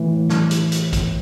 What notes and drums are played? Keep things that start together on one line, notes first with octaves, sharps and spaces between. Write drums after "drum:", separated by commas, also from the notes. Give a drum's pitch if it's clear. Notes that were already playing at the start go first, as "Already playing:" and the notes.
Already playing: A2 E3
drum: snare
drum: hi-hat
drum: hi-hat
drum: kick, hi-hat